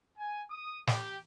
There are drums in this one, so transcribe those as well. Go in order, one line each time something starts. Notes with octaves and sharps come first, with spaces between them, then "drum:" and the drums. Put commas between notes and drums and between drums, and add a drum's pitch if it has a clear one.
G#5
D#6
G4, drum: snare